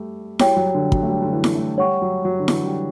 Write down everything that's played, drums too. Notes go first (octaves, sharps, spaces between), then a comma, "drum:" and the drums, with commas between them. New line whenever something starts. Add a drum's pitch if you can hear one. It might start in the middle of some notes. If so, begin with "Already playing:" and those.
Already playing: G3 A3
G3 F#4 C#5 G5, drum: snare E4
F#3
D3
F#3, drum: kick
A3
G3
D3
E3
drum: snare E4
A3
G3 C#5 F#5 C#6
F#3
F#3
D3
E3, drum: snare E4
G3